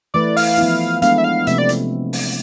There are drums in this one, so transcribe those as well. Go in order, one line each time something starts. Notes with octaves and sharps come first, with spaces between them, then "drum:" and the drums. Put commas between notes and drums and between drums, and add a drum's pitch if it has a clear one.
E3 A3 E4 B4 D5
F5, drum: open hi-hat
F3 B3 E4
G#3 B3 D4 A4 F5, drum: hi-hat
E5
F5
C3 F3 A3 C4 E5, drum: hi-hat
D5
drum: hi-hat
drum: open hi-hat